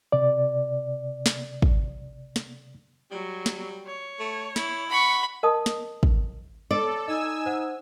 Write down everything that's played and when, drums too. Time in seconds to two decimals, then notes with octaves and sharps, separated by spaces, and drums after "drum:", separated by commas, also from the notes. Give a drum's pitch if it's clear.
0.12 C3 D5
1.26 drum: snare
1.62 drum: kick
2.36 drum: snare
3.11 F#3 G3
3.46 drum: snare
3.87 C#5
4.20 A3
4.56 E4, drum: snare
4.90 F#5 B5 C#6
5.43 A#4 D#5 A5 D#6
5.66 drum: snare
6.03 drum: kick
6.71 A4 D5
7.08 D#4 D#5 G#5 E6
7.46 C5 F#5